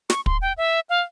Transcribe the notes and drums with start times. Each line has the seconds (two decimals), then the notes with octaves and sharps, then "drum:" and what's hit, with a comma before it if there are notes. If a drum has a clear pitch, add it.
0.10 C#6, drum: snare
0.26 C6, drum: kick
0.42 G5
0.58 E5
0.90 F5